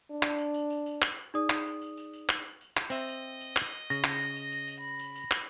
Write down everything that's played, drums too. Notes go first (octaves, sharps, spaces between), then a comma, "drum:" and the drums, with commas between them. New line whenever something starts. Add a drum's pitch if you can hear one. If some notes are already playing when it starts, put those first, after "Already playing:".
D4
drum: clap
drum: tambourine
drum: tambourine
drum: tambourine
drum: tambourine
drum: clap
drum: tambourine
D#4 G#4 D5 D#6
drum: clap
drum: tambourine
drum: tambourine
drum: tambourine
drum: tambourine
drum: clap
drum: tambourine
drum: tambourine
drum: clap
C4 D#5 E5, drum: tambourine
drum: tambourine
drum: tambourine
drum: clap
drum: tambourine
C#3 A#6, drum: tambourine
drum: clap
drum: tambourine
drum: tambourine
drum: tambourine
drum: tambourine
B5
drum: tambourine
drum: tambourine
drum: clap